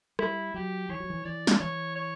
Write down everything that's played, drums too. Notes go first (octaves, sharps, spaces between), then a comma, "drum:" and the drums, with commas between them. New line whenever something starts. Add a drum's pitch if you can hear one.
G3 E4, drum: rim click
F#3 G4
E3 C#5
F#3
E3
E3 D5
drum: snare
E3 C#5
C#5